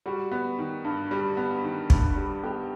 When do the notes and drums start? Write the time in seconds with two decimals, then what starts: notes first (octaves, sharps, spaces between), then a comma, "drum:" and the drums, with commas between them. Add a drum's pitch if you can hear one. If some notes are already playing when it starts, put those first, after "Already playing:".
0.06 G3 F#4
0.31 B3
0.58 D#3
0.84 G2
1.11 G3
1.37 B3
1.64 D#3
1.90 G2, drum: kick
2.16 G3
2.43 B3 G4